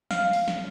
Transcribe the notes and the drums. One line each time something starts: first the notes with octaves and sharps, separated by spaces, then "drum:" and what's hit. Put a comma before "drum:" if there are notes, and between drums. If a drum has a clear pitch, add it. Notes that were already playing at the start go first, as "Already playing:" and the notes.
F5, drum: snare
drum: open hi-hat
drum: snare